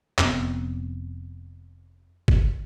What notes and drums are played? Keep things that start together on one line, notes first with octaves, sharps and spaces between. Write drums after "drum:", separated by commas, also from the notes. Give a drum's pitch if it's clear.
F1 F2 B3 C4, drum: clap
drum: kick